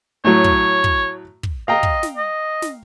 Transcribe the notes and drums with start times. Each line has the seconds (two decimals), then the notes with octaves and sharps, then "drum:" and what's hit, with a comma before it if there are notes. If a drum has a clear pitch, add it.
0.25 A2 F#3 C#5
0.44 drum: kick
0.84 drum: kick
1.43 drum: kick
1.68 D#5 F5 G5 A#5
1.83 drum: kick
2.03 drum: snare
2.17 D#5
2.62 drum: snare